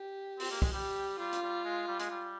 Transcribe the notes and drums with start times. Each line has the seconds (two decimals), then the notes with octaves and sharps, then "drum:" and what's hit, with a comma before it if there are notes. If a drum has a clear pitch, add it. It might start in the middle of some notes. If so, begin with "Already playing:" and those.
Already playing: G4
0.40 C4, drum: open hi-hat
0.51 A#3
0.62 G#3, drum: kick
0.73 G3 G4
1.19 G3 F4
1.33 drum: hi-hat
1.42 G3
1.65 G#3
1.88 G3
1.99 G#3, drum: hi-hat
2.11 G3